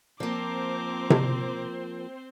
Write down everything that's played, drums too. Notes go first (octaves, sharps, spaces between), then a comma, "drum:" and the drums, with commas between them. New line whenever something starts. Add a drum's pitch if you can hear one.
F3 A#3 C4 A#4 C5 D6
drum: tom C3